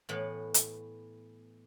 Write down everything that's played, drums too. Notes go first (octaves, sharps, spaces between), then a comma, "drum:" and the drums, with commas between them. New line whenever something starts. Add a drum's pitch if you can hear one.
A2 E3 B3
drum: hi-hat